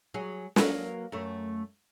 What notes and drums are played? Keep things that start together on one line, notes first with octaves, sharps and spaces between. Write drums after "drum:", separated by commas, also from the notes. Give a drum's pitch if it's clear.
F#3 G#4
F#3 A#3 B4, drum: snare
F#2 A3